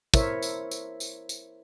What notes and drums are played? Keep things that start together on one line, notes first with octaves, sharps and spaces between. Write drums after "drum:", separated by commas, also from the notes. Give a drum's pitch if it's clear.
E4 A#4 C5 C#5 E5, drum: kick, tambourine
drum: tambourine
drum: tambourine
drum: tambourine
drum: tambourine